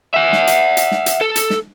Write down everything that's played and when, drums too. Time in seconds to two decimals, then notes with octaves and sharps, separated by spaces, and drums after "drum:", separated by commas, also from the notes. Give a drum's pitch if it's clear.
0.14 E5 F#5
0.33 drum: snare
0.47 drum: hi-hat
0.77 drum: hi-hat
0.91 drum: snare
1.06 drum: hi-hat
1.21 A4
1.36 drum: hi-hat
1.50 drum: snare